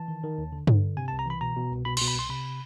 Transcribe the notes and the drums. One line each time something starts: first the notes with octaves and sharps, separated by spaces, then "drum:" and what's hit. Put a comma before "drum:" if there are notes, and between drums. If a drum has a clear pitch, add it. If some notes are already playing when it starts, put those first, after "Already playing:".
Already playing: E3 A5
D#3
D#3
D#2
D3
D3, drum: tom G2
G2
C3 G#5
A5
C2
A#5
E3 B5
B2 A#5
B2
C2
B2 B5
C6, drum: cymbal
B2
B5
C2 C6
C3 B5